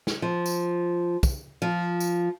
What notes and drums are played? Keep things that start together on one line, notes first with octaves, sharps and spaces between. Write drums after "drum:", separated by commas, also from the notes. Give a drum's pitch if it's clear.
drum: snare
F3
drum: tambourine
drum: kick, tambourine
F3
drum: tambourine